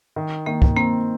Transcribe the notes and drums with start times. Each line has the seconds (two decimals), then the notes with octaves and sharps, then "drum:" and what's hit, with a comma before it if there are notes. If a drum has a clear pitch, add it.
0.16 D#3
0.46 D#3 A#3
0.62 drum: kick
0.76 A#3 C4